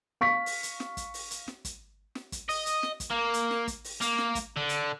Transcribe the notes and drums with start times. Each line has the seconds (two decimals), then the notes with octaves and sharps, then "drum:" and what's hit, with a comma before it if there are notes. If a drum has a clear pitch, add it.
0.21 F5 C#6 B6
0.46 drum: open hi-hat
0.63 drum: hi-hat
0.80 drum: snare
0.97 drum: kick, hi-hat
1.14 drum: open hi-hat
1.31 drum: hi-hat
1.48 drum: snare
1.65 drum: kick, hi-hat
2.15 drum: snare
2.32 drum: kick, hi-hat
2.49 D#5, drum: open hi-hat
2.66 drum: hi-hat
2.83 drum: snare
3.00 drum: kick, hi-hat
3.11 A#3
3.34 drum: hi-hat
3.51 drum: snare
3.68 drum: kick, hi-hat
3.84 drum: open hi-hat
4.01 A#3, drum: hi-hat
4.18 drum: snare
4.35 drum: kick, hi-hat
4.56 D3
4.69 drum: hi-hat